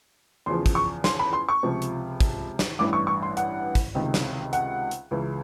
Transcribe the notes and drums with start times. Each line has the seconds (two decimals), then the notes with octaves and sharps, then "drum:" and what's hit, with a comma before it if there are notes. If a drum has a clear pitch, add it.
0.46 E2 C#3 F3 C6
0.66 drum: kick, hi-hat
0.75 C#6
1.04 C6, drum: snare
1.19 B5
1.33 C6
1.49 C#6
1.63 C#2 C3 F3
1.82 drum: hi-hat
2.20 drum: kick, hi-hat
2.59 drum: snare
2.79 A1 G2 E3 D6
2.93 C#6
3.07 C#6
3.23 C6
3.37 F#5, drum: hi-hat
3.75 drum: kick, hi-hat
3.95 C#2 C3 D#3
4.14 drum: snare
4.53 F#5, drum: hi-hat
4.91 drum: hi-hat
5.11 C#2 C#3 E3